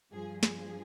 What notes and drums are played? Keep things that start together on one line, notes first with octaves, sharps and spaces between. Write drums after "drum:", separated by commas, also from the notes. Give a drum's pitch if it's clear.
G2 F3 G#4
G#4, drum: snare